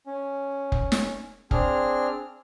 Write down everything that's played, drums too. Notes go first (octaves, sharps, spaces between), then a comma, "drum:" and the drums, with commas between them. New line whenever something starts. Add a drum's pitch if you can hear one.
C#4
drum: kick
drum: snare
C4 D4 G#4 F6, drum: kick